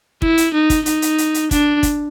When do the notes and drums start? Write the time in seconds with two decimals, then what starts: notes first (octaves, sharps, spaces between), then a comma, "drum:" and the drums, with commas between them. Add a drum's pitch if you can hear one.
0.22 E4, drum: kick
0.38 drum: hi-hat
0.54 D#4
0.70 drum: kick, hi-hat
0.86 D#4, drum: hi-hat
1.02 drum: hi-hat
1.18 drum: hi-hat
1.34 drum: hi-hat
1.51 D4, drum: kick, hi-hat
1.83 drum: kick, hi-hat